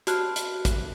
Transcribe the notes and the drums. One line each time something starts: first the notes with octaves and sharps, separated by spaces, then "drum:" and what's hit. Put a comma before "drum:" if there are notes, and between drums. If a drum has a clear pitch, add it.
F#4 G4 A5 F6 F#6, drum: hi-hat
drum: hi-hat
drum: kick, hi-hat